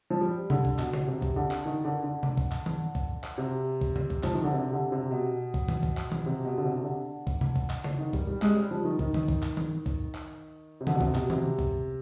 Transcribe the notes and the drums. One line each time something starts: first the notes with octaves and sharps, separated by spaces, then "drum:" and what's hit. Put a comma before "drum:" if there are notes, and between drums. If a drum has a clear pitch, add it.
F3
G3
D3, drum: tom C3
drum: kick
B2, drum: clap
drum: tom C#3
C3
drum: kick
D3
drum: clap
D#3
D3
D3
drum: tom C3
drum: kick
drum: clap
drum: tom D#3
drum: kick
drum: clap
C3
drum: kick
drum: tom C#3
drum: kick
F3, drum: clap
D#3
D3
C3
D3
C3
B2
drum: kick
drum: tom D#3
drum: kick
drum: clap
drum: tom D#3
C3
B2
D3
C3
D3
drum: kick
drum: tom C3
drum: kick
drum: clap
drum: tom C#3
D#3
G3, drum: kick
G3
G#3, drum: clap
G3
F3
D#3
D#3, drum: kick
D#3, drum: tom D#3
drum: kick
drum: clap
drum: tom D#3
drum: kick
drum: clap
C3
D3, drum: tom D#3
B2
C3, drum: kick
B2, drum: clap
C3, drum: tom D#3
drum: kick